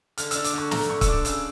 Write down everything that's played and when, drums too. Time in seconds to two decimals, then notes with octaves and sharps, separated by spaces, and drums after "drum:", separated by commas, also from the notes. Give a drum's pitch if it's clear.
0.18 D3 F6, drum: hi-hat
0.31 E6, drum: hi-hat
0.35 D4
0.44 D6, drum: hi-hat
0.53 D3 C#6
0.71 A3 A#5, drum: snare
0.89 D3 C#6
1.01 E6, drum: kick, hi-hat
1.07 D4 D6
1.25 C#3 E6, drum: hi-hat